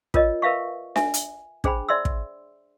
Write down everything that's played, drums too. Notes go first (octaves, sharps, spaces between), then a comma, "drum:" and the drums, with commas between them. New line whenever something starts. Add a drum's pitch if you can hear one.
F4 A#4 C#5 D#5, drum: kick
A#4 B4 E5 F5 C#6
E5 G#5, drum: snare D4
drum: hi-hat
D4 G#4 C5 G5 B5, drum: kick
C5 D5 E5 C6 E6
drum: kick